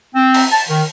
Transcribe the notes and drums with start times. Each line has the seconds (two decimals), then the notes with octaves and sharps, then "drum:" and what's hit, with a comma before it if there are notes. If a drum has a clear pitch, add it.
0.15 C4
0.34 drum: open hi-hat
0.52 A5
0.69 D#3